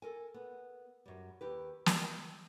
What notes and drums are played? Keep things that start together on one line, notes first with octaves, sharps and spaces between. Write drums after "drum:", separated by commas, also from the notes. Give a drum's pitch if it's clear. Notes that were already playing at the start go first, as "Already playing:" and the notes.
A4 A#4 G#5
B3
F#2 G3
D#2 G4 B4
G#3, drum: snare